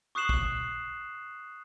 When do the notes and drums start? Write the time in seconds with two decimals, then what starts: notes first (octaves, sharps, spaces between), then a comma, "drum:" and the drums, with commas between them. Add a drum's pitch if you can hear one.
0.15 C#6 D#6 F#6 C7 E7 F#7
0.29 drum: kick